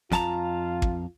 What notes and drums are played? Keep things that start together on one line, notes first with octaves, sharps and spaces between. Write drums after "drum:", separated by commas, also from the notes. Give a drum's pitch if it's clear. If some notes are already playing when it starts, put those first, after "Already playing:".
F2 F4 A5 A#5, drum: snare
drum: kick